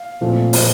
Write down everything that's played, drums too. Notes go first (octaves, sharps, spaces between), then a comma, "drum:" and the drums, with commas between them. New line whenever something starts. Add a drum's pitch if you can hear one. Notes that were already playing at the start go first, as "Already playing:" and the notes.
Already playing: F5
A#2 F3 A3 C4
A#2 F3 A3 C4, drum: open hi-hat